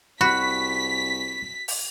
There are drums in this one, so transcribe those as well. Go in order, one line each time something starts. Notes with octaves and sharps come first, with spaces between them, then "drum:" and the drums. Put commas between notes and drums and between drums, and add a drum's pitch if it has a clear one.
C2 F#4 B5 C#6 B6
drum: open hi-hat